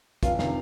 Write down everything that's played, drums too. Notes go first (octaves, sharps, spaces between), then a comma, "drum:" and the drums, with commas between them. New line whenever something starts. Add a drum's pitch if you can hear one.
F1 F4 F5, drum: kick, hi-hat
C3 D#3 F4 F5, drum: snare